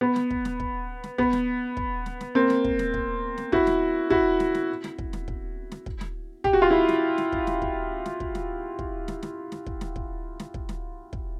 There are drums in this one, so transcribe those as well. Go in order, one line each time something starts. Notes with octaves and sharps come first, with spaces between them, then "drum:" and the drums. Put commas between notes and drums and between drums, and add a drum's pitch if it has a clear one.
B3
drum: snare
drum: kick
drum: snare
drum: kick
drum: snare
B3, drum: kick
drum: snare
drum: kick
drum: snare
drum: snare
A#3 C4
drum: snare
drum: kick
drum: snare
drum: kick
drum: snare
E4 F#4, drum: kick
drum: snare
E4 F#4, drum: kick
drum: snare
drum: snare
drum: snare
drum: kick
drum: snare
drum: kick
drum: snare
drum: kick
drum: snare
G4, drum: kick
F#4
F4
E4 F#4
drum: snare
drum: snare
drum: kick
drum: snare
drum: kick
drum: snare
drum: kick
drum: snare
drum: kick
drum: snare
drum: snare
drum: snare
drum: kick
drum: snare
drum: kick
drum: snare
drum: kick
drum: snare
drum: kick